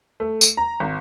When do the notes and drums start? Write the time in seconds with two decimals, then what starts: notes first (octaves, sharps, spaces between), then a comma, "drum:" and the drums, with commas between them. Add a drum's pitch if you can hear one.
0.20 A3
0.41 drum: tambourine
0.57 A#5
0.80 G#1